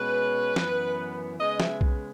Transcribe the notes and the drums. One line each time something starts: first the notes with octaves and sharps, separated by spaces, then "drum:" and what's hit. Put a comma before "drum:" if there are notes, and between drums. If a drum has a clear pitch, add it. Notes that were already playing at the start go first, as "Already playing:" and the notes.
Already playing: B2 G#3 C#4 B4
F#2 E3 B3, drum: snare
C#3 G#3 B3 D#5
E5, drum: snare
drum: kick B1